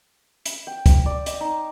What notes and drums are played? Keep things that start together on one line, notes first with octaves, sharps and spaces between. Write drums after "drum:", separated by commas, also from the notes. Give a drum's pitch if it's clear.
drum: hi-hat
G5
drum: kick, hi-hat
D5
D#5, drum: hi-hat
D#4